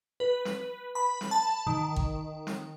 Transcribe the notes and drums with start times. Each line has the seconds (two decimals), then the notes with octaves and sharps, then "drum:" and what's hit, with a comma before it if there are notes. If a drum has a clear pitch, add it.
0.20 B4
0.45 drum: snare
0.95 B5
1.21 drum: snare
1.31 A5
1.67 D#3
1.96 drum: kick
2.47 drum: snare